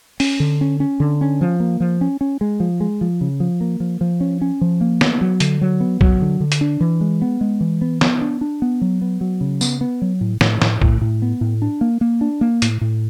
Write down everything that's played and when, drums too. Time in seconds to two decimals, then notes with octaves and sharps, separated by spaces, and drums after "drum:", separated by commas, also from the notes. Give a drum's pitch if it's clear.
0.20 C#4, drum: open hi-hat
0.40 D3
0.61 C#4
0.80 C#4
1.00 D3
1.21 C#4
1.41 F3
1.60 A#3
1.80 F3
2.01 C#4
2.21 C#4
2.41 G#3
2.60 F3
2.80 G#3
3.01 F3
3.21 C#3
3.40 F3
3.61 A#3
3.80 F3
4.01 F3
4.21 C#4
4.41 C#4
4.61 F3
4.81 A#3
5.01 B3, drum: snare
5.21 F#3
5.40 D3, drum: hi-hat
5.61 F#3
5.80 B3
6.01 F#3, drum: kick B1
6.22 D3
6.40 D3
6.52 drum: hi-hat
6.61 D4
6.81 E3
7.01 G#3
7.22 B3
7.41 G#3
7.61 E3
7.81 B3
8.01 B3, drum: snare
8.22 D4
8.41 D4
8.62 B3
8.81 F#3
9.01 B3
9.21 F#3
9.41 C#3
9.61 B3, drum: tambourine
9.81 B3
10.02 F#3
10.21 A2
10.41 A2, drum: snare
10.62 A2, drum: snare
10.82 A2, drum: kick B1
11.01 A2
11.22 B3
11.41 A2
11.62 D4
11.81 A#3
12.01 A#3
12.21 D4
12.41 A#3
12.62 A2, drum: hi-hat
12.81 A2